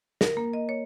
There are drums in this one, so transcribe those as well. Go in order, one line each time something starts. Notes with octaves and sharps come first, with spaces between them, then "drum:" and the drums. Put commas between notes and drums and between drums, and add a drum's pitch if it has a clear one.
A#4, drum: snare
A#3
D#5
C#5